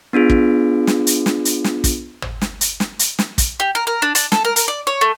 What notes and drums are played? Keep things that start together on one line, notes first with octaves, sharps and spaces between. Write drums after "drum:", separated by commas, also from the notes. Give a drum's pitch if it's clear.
B3 D4 F4 G#4
drum: kick
drum: snare
drum: hi-hat
drum: snare
drum: hi-hat
drum: snare
drum: kick, hi-hat
drum: tom G#1
drum: snare
drum: hi-hat
drum: snare
drum: hi-hat
drum: snare
drum: kick, hi-hat
G4
A#4
A#4
D4
D4, drum: hi-hat
A4, drum: snare
A#4
A#4, drum: hi-hat
D5
C#5
A3